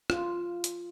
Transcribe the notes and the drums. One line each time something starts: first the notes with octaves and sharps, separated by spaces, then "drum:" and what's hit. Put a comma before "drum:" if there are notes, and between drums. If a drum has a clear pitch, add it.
F4, drum: rim click
drum: hi-hat